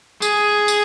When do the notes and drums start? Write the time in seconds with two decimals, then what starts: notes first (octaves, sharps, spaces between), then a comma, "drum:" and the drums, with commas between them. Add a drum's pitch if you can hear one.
0.22 G#4, drum: tambourine
0.68 drum: tambourine